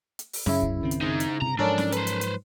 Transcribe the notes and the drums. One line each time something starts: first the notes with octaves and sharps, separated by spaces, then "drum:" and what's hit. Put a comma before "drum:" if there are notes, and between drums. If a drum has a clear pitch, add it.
drum: hi-hat
drum: open hi-hat
F#2 C#3 E4, drum: snare C#4
drum: kick
F#2 D#3 C4
drum: hi-hat
D#4 G#4
drum: hi-hat
G2 C3 A#5
G#2 F3 F#3 C#4 D4 A4 A#4 D5
drum: snare C#4
B4 C5, drum: hi-hat
drum: hi-hat
drum: hi-hat